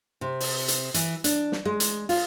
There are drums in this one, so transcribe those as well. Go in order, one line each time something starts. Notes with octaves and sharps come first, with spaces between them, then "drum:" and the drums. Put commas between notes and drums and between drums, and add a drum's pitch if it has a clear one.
C3
drum: open hi-hat
drum: hi-hat
E3, drum: hi-hat
D4, drum: hi-hat
drum: snare
G#3
drum: hi-hat
F4, drum: open hi-hat